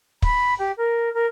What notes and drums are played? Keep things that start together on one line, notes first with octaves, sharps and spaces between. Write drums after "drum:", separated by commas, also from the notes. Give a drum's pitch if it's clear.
B5, drum: kick
G4
A#4
A#4